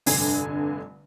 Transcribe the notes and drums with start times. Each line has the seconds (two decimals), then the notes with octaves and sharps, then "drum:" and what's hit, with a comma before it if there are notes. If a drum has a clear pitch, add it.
0.06 F1 G2 D3 G#5, drum: open hi-hat